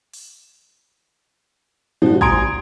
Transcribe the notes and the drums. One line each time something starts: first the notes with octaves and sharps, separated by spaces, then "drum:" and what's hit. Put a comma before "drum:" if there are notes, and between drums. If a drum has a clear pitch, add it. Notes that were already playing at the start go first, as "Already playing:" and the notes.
drum: open hi-hat
G#1 A#2 F3 F#4, drum: tom A2
G#5 A#5 C6 D#6 G#6 D7, drum: kick